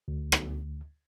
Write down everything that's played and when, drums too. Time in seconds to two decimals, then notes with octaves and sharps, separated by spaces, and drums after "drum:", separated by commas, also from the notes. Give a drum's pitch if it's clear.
0.08 D2
0.32 drum: rim click